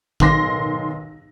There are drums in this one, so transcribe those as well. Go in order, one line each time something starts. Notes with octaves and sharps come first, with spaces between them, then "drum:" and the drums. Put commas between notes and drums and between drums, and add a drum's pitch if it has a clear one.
B1 D#3 C6 A#6, drum: kick